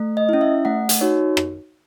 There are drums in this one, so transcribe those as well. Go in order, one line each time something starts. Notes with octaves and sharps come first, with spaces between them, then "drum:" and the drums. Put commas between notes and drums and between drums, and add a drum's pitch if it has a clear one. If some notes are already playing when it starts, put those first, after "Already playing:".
Already playing: A3
D#5
C#4 E4
E5
A3 F#5
drum: hi-hat
D#4 F#4 C#5
drum: rim click